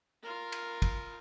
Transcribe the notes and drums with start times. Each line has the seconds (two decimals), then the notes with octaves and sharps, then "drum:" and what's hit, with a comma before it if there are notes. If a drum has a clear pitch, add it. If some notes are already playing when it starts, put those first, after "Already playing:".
0.23 F4 A#4
0.52 drum: cymbal
0.82 drum: kick, cymbal